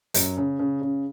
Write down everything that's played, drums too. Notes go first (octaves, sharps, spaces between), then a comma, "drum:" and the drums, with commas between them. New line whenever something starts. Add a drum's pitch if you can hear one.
F#2, drum: hi-hat
C#3
C#3
C#3